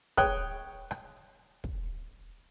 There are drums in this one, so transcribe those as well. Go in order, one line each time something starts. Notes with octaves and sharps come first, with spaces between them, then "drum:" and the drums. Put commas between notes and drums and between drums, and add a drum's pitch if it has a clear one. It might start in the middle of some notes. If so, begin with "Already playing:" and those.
C#5 G5 D#6 F#6, drum: kick
drum: rim click
drum: kick